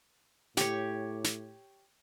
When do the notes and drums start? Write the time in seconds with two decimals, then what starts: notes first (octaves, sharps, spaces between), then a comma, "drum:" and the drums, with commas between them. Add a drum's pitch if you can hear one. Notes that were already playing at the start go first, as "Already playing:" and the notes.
0.57 A2 G4 C#5, drum: snare
1.24 drum: snare